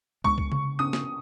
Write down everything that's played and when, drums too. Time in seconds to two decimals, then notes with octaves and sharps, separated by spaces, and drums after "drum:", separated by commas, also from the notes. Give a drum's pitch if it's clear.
0.24 G#3 C#6, drum: kick
0.38 drum: kick
0.52 C#3, drum: tom C3
0.79 C#4 D#6
0.93 drum: snare